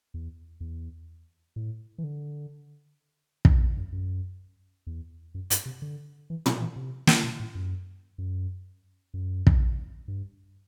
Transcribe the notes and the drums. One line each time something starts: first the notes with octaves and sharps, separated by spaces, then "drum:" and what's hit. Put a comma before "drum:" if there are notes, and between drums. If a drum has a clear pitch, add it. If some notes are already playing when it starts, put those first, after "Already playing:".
E2
E2
A2
E3
D3
G2, drum: kick
E2
F#2
F#2
E2
F#2
G2, drum: hi-hat
C3
D3
E3
F#3, drum: tom
E3
C3
drum: snare
B2
A2
F#2
F#2
F#2
drum: kick
G2